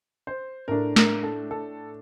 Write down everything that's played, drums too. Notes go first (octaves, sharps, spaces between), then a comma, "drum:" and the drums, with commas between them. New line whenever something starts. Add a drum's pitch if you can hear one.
C5
A2 A3 D4 A#4
A#4, drum: snare
A4
A4